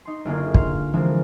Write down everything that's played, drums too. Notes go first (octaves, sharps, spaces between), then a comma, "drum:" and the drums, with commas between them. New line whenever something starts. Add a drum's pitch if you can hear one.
D#4 C6
F#1 F#2 D3 A#3 F4 G#4
F5 C6, drum: kick
D3 E3 F3 G#3 A#3 C4